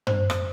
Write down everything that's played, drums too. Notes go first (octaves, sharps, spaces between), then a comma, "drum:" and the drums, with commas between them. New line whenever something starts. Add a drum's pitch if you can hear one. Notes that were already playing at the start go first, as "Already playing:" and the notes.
C5, drum: tom
drum: rim click